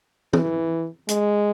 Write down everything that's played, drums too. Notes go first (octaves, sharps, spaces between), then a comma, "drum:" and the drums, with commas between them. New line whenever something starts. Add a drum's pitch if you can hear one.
E3, drum: tom
G#3, drum: hi-hat